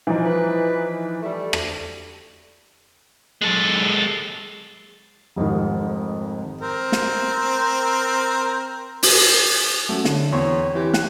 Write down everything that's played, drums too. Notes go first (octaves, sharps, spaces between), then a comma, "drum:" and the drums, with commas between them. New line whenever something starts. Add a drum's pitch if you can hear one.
E3 F3 D#4
B4
G3 A3
drum: rim click
G#3 A4
F1 F2 G#2 D#3
C4 A#4
drum: snare
drum: open hi-hat
F#3 A3 C#4
D3 C#5, drum: snare
E2 C4 C#5 C6
E3 G4
G5 F#6, drum: snare